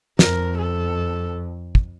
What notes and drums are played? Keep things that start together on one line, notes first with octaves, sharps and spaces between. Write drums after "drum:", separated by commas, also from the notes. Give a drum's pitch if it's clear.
F2 A#4, drum: snare
A4
drum: kick